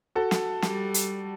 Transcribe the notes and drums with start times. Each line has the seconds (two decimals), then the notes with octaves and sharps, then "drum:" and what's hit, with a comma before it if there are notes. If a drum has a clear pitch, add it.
0.15 F#4 A4
0.31 drum: snare
0.62 G3, drum: snare
0.94 drum: hi-hat